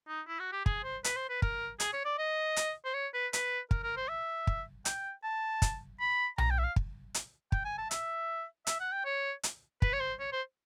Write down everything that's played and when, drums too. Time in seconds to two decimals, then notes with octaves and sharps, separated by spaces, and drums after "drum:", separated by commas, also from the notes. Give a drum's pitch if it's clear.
0.08 D#4
0.28 E4
0.40 F#4
0.53 G4
0.66 G#4, drum: kick
0.84 C5
1.04 B4, drum: hi-hat
1.17 C5
1.29 B4
1.42 A#4, drum: kick
1.80 G#4, drum: hi-hat
1.93 C#5
2.05 D5
2.19 D#5
2.56 drum: hi-hat
2.85 C5
2.94 C#5
3.14 B4
3.33 B4, drum: hi-hat
3.71 A#4, drum: kick
3.84 A#4
3.97 C5
4.09 E5
4.47 drum: kick
4.85 G5, drum: hi-hat
5.24 A5
5.62 drum: kick, hi-hat
6.00 B5
6.38 A#5, drum: tom B1
6.51 G5
6.59 E5
6.64 F5
6.76 drum: kick
7.14 drum: hi-hat
7.52 G5, drum: kick
7.65 G#5
7.78 A5
7.91 E5, drum: hi-hat
8.67 E5, drum: hi-hat
8.80 F#5
8.92 G5
9.05 C#5
9.43 drum: hi-hat
9.82 B4, drum: kick
9.93 C#5
10.00 C5
10.20 C#5
10.33 C5